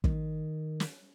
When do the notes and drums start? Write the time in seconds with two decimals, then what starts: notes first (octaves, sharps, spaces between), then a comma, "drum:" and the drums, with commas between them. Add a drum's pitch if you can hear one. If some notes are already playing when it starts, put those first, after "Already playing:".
0.04 D#3, drum: kick
0.80 drum: snare